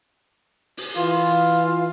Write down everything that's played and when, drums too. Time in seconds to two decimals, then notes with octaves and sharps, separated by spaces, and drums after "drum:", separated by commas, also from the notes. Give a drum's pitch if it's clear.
0.77 drum: open hi-hat
0.96 E3 F4